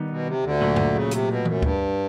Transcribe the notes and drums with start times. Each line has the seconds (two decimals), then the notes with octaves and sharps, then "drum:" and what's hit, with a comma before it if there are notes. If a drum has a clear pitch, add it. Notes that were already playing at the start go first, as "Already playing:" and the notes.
Already playing: D#3 G3 B3 D#4
0.10 B2
0.27 C3
0.44 D2 D3
0.61 A#2 F#3 A3
0.76 drum: tom F#2
0.95 C#3
1.11 C3, drum: hi-hat
1.28 B2
1.45 F#2, drum: tom E3
1.62 G2, drum: kick